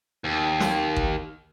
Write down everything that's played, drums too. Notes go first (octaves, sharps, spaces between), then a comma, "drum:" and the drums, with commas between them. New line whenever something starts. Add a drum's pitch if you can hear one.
D#2
drum: snare
drum: kick G#1